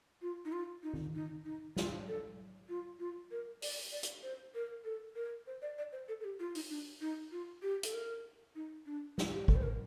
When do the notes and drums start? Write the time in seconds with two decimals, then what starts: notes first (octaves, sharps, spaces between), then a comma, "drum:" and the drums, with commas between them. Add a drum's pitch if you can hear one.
0.22 F4
0.45 D#4
0.52 F4
0.83 D#4
0.94 drum: tom D#3
1.15 D#4
1.45 D#4
1.76 F4, drum: snare
2.08 A4
2.69 F4
2.99 F4
3.31 A#4
3.62 D5, drum: open hi-hat
3.92 D5
4.03 drum: hi-hat
4.23 C5
4.55 A#4
4.84 A4
5.16 A#4
5.47 C5
5.62 D5
5.78 D5
5.92 C5
6.08 A4
6.20 A4
6.24 G4
6.39 F4
6.55 D#4, drum: open hi-hat
6.70 D4
7.01 D#4
7.32 F4
7.62 G4
7.83 A4, drum: hi-hat
7.93 A#4
8.55 D#4
8.86 D4
9.18 D#4, drum: snare
9.33 G4
9.48 A4, drum: kick
9.56 C5
9.63 A#4